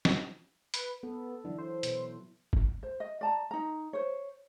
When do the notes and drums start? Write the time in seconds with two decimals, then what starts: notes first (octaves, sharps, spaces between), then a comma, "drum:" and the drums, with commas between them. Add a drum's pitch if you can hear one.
0.05 drum: snare
0.74 B4, drum: hi-hat
1.03 B3 A4
1.45 D3 E3 F#3 E4
1.58 C5
1.83 B2 B4, drum: hi-hat
2.53 drum: kick
2.83 C5
3.00 D#5
3.21 D5 A5 A#5
3.51 D#4 A#5
3.93 C5 C#5